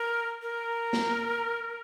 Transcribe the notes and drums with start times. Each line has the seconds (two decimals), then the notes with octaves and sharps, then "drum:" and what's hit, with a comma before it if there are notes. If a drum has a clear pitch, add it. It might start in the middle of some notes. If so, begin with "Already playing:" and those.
Already playing: A#4
0.42 A#4
0.93 drum: snare A#3